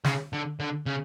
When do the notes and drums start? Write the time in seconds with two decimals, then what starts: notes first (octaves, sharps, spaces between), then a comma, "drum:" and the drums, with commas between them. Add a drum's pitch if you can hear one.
0.04 C#3, drum: snare
0.33 D3
0.60 D3
0.86 C#3